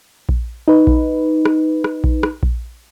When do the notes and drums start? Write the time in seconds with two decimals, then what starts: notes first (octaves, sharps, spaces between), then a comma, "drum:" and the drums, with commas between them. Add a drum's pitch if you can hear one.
0.29 drum: kick A#1
0.68 D#4 B4
0.87 drum: kick A#1
1.45 drum: rim click
1.84 drum: rim click
2.04 drum: kick A#1
2.23 drum: rim click
2.43 drum: kick A#1